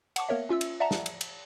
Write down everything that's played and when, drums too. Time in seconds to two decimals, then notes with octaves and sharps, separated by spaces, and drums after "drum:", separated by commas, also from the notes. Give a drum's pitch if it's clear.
0.16 F#5 A5 C#6 D6, drum: cymbal
0.29 A#3 B3 A#4 C#5 E5
0.49 C#4 F4 E5 E6
0.61 drum: cymbal
0.80 D5 E5 F#5 A5 A#5
0.91 drum: snare
1.06 drum: cymbal
1.21 drum: cymbal